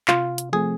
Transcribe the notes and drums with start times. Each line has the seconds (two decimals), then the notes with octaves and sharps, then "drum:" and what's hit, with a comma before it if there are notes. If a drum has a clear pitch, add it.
0.08 C3 F4, drum: clap
0.38 drum: hi-hat
0.53 F3 A3 C4 G#4